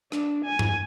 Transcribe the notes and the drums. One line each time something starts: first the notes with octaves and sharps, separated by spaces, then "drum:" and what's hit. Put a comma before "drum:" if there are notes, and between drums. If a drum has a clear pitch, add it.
D4, drum: rim click
G#5
drum: tom G2